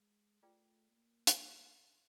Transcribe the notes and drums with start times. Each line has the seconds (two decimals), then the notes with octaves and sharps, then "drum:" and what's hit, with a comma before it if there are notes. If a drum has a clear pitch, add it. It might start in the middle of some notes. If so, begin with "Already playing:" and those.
Already playing: G#3
0.43 A3 F4 G#4 B4 D5 G5
0.91 A#3
1.27 drum: hi-hat
1.40 F#4 A#4 C#5 F#5